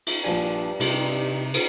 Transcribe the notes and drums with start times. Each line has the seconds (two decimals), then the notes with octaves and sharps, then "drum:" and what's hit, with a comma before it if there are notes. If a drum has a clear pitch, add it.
0.07 drum: cymbal
0.24 A#1 G2 F3 D4 G#5
0.80 C3 G3 D#4, drum: cymbal
1.54 drum: cymbal